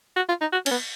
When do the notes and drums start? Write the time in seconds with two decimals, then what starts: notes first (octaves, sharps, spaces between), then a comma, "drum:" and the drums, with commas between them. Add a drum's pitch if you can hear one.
0.16 F#4
0.29 F4
0.41 D#4
0.53 F#4
0.66 C#4, drum: cymbal
0.71 B3